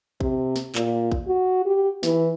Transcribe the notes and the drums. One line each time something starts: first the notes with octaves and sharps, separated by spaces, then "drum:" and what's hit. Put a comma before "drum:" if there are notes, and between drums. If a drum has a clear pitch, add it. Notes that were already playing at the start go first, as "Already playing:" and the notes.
C3, drum: kick A#1
drum: snare
A#2, drum: clap
drum: kick A#1
F#4
G4
E3, drum: snare